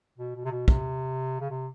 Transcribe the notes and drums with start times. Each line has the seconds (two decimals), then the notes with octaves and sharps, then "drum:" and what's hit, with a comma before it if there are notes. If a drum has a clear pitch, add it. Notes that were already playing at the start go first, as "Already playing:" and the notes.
0.18 B2
0.35 B2
0.45 C3
0.51 B2
0.68 C3, drum: kick
1.40 C#3
1.50 C3